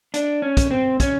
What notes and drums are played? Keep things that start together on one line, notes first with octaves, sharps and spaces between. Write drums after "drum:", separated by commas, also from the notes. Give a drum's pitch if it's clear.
D4, drum: hi-hat
C#4
drum: kick, hi-hat
C4
C#4, drum: kick, hi-hat